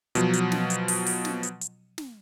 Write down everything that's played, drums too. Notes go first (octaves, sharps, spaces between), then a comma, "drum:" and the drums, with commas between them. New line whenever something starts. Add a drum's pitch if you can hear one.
B2 F3 F#3, drum: hi-hat
drum: hi-hat
drum: snare
drum: hi-hat
drum: open hi-hat
drum: open hi-hat
drum: snare
drum: hi-hat
drum: hi-hat
drum: snare